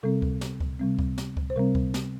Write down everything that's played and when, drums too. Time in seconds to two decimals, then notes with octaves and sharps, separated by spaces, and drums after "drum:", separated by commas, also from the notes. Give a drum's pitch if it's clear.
0.03 C3 G3 C4 A4
0.22 drum: kick C#2
0.41 drum: snare
0.60 drum: kick C#2
0.79 C3 G3 C4
0.99 drum: kick C#2
1.18 drum: snare
1.37 drum: kick C#2
1.50 C5
1.56 C3 G3 C4 A#4
1.75 drum: kick C#2
1.94 drum: snare